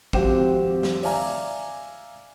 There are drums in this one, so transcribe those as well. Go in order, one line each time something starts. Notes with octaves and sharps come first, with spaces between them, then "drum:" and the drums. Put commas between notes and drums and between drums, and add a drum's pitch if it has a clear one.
G#1 F2 C4 F#4 G4 E7, drum: kick
drum: snare
D5 E5 F5 G#5 A#5 D6, drum: open hi-hat